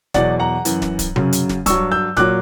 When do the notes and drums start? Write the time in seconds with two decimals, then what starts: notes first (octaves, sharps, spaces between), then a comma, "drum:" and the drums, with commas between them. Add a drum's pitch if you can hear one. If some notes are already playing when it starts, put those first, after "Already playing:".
0.14 E2 B2 F#3 D5 F#5, drum: snare
0.39 F#5 A#5
0.65 F#2 E3, drum: hi-hat
0.82 drum: snare
0.99 drum: kick D1, hi-hat
1.16 F#2 C#3 F#3, drum: tom C3
1.33 drum: hi-hat
1.49 drum: snare
1.66 G2 F#3 C#6 E6, drum: kick D1, hi-hat
1.92 E6 G6
2.17 A#2 F#3 D6 F#6, drum: snare